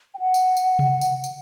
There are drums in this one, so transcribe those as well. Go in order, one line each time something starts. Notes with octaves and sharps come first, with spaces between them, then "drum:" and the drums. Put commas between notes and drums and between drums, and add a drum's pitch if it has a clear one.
G5
F#5
drum: tambourine
drum: tambourine
drum: tom C3
drum: tambourine
drum: tambourine